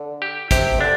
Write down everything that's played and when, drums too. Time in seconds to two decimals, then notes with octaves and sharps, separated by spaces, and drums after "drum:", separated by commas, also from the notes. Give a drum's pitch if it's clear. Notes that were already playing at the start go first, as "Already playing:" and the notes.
Already playing: D3
0.22 G4
0.51 C3 G4, drum: kick, hi-hat
0.80 D3 D4